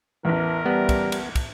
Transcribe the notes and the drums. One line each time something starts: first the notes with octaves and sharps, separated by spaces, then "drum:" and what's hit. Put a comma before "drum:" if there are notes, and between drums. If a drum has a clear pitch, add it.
A1 E2 E3 A#4
G3 B3
drum: kick, cymbal
drum: cymbal
drum: kick, cymbal